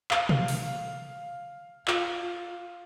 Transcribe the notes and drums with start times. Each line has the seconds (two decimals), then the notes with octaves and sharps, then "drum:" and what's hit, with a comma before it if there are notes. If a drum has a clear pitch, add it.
0.11 F5, drum: clap
0.29 drum: tom
0.48 drum: open hi-hat
1.88 F4, drum: clap